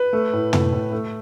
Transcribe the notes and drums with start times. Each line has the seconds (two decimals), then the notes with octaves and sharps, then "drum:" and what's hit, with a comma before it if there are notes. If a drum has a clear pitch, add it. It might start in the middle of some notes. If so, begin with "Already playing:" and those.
Already playing: B4
0.13 A3
0.33 A2
0.53 A3, drum: tom
0.73 A2
0.92 A3